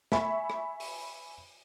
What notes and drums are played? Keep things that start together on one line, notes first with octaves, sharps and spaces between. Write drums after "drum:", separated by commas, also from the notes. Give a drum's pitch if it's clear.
E5 G#5 B5 C#6, drum: snare
drum: rim click
drum: open hi-hat